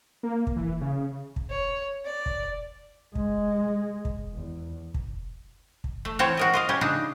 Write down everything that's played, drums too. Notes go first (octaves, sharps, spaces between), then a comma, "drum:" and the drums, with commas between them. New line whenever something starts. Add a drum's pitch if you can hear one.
A#3
drum: kick
E3
C#3
drum: kick
C#5
D5
drum: kick
G#3, drum: kick
drum: kick
E2
drum: kick
drum: kick
A3
E3 C4 C#5 G5 A5 A#5
F#4 A#4 D#5
F4 D#5 F5
G3 C#4 G4
C#3 D4 D#4